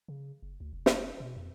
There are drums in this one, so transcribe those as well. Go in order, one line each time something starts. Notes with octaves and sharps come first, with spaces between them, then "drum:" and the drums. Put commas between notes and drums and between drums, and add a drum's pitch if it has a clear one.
C#3
F#1
D2
F1
drum: snare
B2
F2